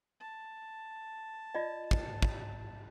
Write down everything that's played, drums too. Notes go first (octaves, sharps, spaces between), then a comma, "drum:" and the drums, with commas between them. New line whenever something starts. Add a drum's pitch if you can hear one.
A5
F4 D5 D#5
drum: kick
drum: kick